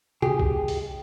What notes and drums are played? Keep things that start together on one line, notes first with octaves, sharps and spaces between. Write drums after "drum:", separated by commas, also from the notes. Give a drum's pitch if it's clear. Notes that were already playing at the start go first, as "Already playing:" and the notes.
G4 G#4, drum: tom
drum: kick
drum: open hi-hat